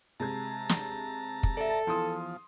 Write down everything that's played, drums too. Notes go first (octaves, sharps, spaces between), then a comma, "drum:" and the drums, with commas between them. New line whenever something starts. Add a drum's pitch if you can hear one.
C3 G#3 A5 A#5 G#6
drum: snare
drum: kick
A4 D5 E5
E2 F3 E4 C6 D#6